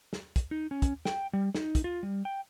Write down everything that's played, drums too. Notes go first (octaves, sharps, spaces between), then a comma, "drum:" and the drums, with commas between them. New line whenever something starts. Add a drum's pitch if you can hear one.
drum: snare
drum: kick, hi-hat
D#4
C#4
drum: kick, hi-hat
G5, drum: snare
G3
D#4, drum: snare
drum: kick, hi-hat
F4
G3
G5